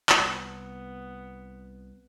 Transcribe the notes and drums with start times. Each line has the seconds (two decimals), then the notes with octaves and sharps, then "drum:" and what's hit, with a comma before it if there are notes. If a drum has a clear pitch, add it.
0.09 drum: clap
0.19 C2 B3